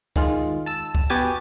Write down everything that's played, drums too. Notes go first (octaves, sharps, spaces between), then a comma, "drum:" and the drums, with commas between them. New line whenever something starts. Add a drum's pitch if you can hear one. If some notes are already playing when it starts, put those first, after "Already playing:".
D#3 G#3 F4, drum: kick C#2
A5 E6
drum: kick C#2
B3 F#4 G4 G#5 A6